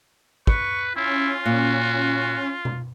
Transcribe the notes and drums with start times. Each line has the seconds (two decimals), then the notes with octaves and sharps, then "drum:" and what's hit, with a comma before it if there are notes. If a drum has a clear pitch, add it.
0.47 B4 C#6, drum: kick
0.96 C#4 E4 F4
1.46 A#2 F#4
2.65 drum: tom B2